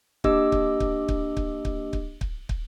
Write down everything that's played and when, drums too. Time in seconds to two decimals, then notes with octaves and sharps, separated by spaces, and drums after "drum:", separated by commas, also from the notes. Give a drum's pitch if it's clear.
0.24 A#3 D4 G4 D#5 D6 E6, drum: kick
0.52 drum: kick
0.80 drum: kick
1.09 drum: kick
1.37 drum: kick
1.65 drum: kick
1.93 drum: kick
2.21 drum: kick
2.49 drum: kick